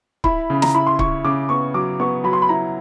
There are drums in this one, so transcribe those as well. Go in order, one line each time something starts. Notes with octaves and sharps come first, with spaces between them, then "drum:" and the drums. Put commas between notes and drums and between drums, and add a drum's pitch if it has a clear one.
E4 B5, drum: kick C#1
C#3
A#5, drum: snare
E4 B5
C6
E4 C#6, drum: kick C#1
C#3 D6
B3 C#6
F#3 D6
B3 C#6
F#3 B5
C6
B5
E4 A#5